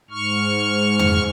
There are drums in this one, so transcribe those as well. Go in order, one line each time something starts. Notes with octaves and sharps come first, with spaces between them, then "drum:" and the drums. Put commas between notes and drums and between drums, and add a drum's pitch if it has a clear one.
G#2 C#6 F6
drum: tom F2